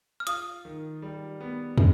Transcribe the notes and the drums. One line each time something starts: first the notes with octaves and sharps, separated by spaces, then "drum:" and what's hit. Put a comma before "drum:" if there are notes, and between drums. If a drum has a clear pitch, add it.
F6
F4 D#6, drum: hi-hat
D#3
G3
B3
G#3, drum: tom